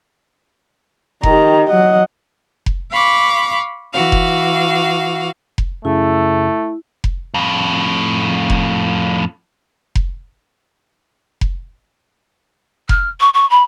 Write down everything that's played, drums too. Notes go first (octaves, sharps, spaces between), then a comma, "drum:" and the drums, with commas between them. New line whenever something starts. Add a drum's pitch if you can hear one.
D#3 G4 A#5, drum: kick F1
F#3 D#5 F#5
drum: kick F1
F5 B5 C#6 D6
E3 F#4 F5
drum: kick F1
drum: kick F1
F#2 C#3 A3 E4
drum: kick F1
F2 A2
drum: kick F1
drum: kick F1
drum: kick F1
F6, drum: kick F1
C#6
C#6
B5